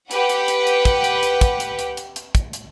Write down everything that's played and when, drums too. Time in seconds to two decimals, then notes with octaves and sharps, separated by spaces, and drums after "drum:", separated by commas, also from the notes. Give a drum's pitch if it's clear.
0.11 G4 B4 F#5 G5, drum: hi-hat
0.29 drum: hi-hat
0.48 drum: hi-hat
0.67 drum: hi-hat
0.85 drum: kick, hi-hat
1.04 drum: hi-hat
1.23 drum: hi-hat
1.41 drum: kick, hi-hat
1.60 drum: hi-hat
1.79 drum: hi-hat
1.97 drum: hi-hat
2.16 drum: hi-hat
2.35 drum: kick, hi-hat
2.53 drum: hi-hat